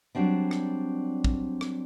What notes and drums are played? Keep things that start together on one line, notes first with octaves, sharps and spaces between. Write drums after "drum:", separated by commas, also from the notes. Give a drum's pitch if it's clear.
F#3 G3 A#3 C4 D4
drum: rim click
drum: kick
drum: rim click